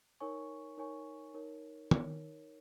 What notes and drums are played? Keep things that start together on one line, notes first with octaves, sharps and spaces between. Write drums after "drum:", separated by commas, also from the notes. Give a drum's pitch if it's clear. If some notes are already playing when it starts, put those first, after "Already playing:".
D#4 A#4 C#5 G#5 C#6
D#4 A#4 C#5 G#5 C#6
D#4 A#4 C#5
D#4 A#4 C#5, drum: tom D#3